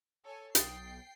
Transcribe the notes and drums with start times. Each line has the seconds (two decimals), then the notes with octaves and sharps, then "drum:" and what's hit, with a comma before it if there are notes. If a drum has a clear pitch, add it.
0.24 A4 C#5 G#5
0.55 B1 G5 D#6 A6 C7, drum: hi-hat